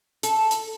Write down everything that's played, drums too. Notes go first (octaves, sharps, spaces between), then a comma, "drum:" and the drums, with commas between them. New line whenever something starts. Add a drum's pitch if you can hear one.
A4, drum: hi-hat
drum: hi-hat